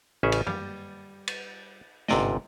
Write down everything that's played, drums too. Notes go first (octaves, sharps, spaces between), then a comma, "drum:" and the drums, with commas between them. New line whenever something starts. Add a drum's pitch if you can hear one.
A1 C#3 C#4 G#4 E5
drum: cymbal
G3, drum: tom F#2
drum: cymbal
G1 G#2 C3 D5 D#5, drum: snare